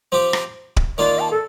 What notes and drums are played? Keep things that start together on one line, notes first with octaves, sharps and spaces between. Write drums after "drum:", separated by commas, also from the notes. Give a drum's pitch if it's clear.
F3 C4 G4
drum: rim click
drum: kick D1
D#3 A#3 F4 D5
A5
A4